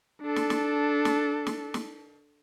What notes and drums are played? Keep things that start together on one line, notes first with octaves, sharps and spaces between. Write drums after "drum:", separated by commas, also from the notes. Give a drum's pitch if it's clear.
D4 A4
drum: snare
drum: snare
drum: snare
drum: snare
drum: snare